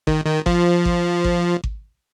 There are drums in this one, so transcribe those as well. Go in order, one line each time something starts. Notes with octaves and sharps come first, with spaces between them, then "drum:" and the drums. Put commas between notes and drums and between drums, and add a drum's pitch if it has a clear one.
D#3, drum: kick G#1
D#3
F3, drum: kick G#1
drum: kick G#1
drum: kick G#1
drum: kick G#1